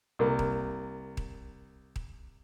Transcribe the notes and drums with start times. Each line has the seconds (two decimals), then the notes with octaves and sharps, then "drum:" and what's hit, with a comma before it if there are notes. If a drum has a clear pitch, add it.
0.19 C2 A#3
0.39 drum: kick D#1
1.17 drum: kick D#1
1.96 drum: kick D#1